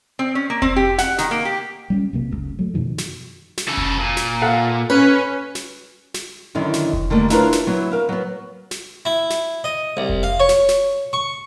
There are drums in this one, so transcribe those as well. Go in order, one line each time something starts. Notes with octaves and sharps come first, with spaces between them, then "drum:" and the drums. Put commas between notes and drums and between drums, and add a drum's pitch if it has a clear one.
C4
C#4
A#3
C4, drum: kick F1
G4
F#5, drum: snare
D#3, drum: snare
A#3
G4
G3 C4 C#4
B1 C3 A#3
F#1 C#2
F#3 A3
F#2 B2 D#3 F3
drum: snare
drum: snare
C#3 A4
drum: kick F1
A#2
drum: snare
A4 F5 F#5
C#4 B4
drum: snare
drum: snare
F#2 D3 D#3 C#4 E4
drum: snare
drum: kick F1
D3 D#3 G3 A3 A#3
D4 E4 F4 A#4 B4 C#5, drum: snare
drum: snare
F#3 B3 E4
A#4 F5
F#3 B3
drum: snare
E4
drum: snare
D#5
C2
drum: kick F1
F5
C#5
drum: snare
drum: snare
C#6